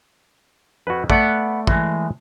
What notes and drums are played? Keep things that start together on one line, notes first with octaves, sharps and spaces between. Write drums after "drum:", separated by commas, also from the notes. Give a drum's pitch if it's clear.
F2 F#4 B4
A3 B3 D5 F#5, drum: kick
E3 G#3, drum: kick